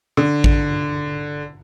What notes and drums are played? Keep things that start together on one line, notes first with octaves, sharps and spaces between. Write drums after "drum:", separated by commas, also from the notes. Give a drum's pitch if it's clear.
D3
drum: kick A1